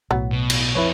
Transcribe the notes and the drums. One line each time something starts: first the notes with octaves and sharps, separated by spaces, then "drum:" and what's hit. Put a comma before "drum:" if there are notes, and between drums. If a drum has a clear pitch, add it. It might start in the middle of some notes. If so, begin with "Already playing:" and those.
B1 A2 F#3 B3
B2
drum: cymbal
F2 E4 B4 C#5